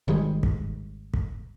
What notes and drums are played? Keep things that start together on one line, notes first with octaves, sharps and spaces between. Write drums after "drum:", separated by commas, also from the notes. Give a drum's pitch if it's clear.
G#1 D#3 G3 G#3
drum: kick
drum: kick